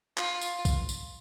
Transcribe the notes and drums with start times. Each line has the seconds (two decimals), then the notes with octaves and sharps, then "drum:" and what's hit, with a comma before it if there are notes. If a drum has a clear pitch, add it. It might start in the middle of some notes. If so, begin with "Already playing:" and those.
0.17 F4, drum: clap
0.41 drum: tambourine
0.65 drum: kick, tambourine
0.89 drum: tambourine